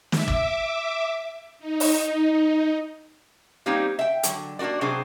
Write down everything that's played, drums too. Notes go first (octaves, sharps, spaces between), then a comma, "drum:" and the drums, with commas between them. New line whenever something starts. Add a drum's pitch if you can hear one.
E5 D6, drum: snare
drum: kick
D#4
drum: open hi-hat
G3 A#3 C4 D#4 G4
E5 G5
D3 F#3, drum: hi-hat
A#3 D4 F#4 A#4 D5
C3 F#3 D4 G#4 C5